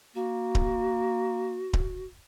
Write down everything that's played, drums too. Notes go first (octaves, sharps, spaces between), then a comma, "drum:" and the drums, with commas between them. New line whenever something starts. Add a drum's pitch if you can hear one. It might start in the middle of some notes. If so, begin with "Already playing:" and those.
A#3 F#4
drum: kick D1
drum: kick D1